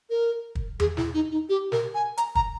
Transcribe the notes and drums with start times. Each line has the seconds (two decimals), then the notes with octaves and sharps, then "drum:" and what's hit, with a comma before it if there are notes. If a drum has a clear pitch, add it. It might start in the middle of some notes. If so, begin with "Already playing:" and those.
0.10 A#4
0.55 drum: kick
0.80 G#4, drum: tom E2
0.97 E4, drum: snare
1.14 D#4
1.31 D#4
1.49 G4
1.72 A#4, drum: snare
1.95 G#5
2.17 A#5, drum: hi-hat
2.35 A#5, drum: kick